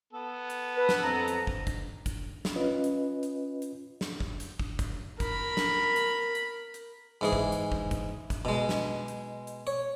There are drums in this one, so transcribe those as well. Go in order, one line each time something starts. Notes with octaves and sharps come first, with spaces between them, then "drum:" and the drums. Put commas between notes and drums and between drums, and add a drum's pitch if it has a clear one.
B3 A4
drum: hi-hat
B4
drum: snare
F2 C4 A#5
drum: hi-hat
drum: kick
drum: kick, hi-hat
drum: kick, hi-hat
drum: snare
C#4 F4 B4 D#5
drum: hi-hat
drum: hi-hat
drum: hi-hat
drum: snare
drum: kick
drum: hi-hat
drum: kick
drum: kick, hi-hat
A#4 B5, drum: kick, hi-hat
drum: snare
drum: hi-hat
drum: hi-hat
drum: hi-hat
G#2 E3 G#4
drum: kick
drum: hi-hat
drum: kick
drum: kick, hi-hat
drum: kick, hi-hat
B2 G#3
drum: snare
drum: hi-hat
drum: hi-hat
C#5